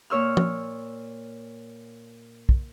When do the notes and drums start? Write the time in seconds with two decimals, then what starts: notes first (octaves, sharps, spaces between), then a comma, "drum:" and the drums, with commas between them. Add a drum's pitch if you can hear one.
0.10 A#2 C#5 E6 F6
0.37 drum: tom
2.49 drum: kick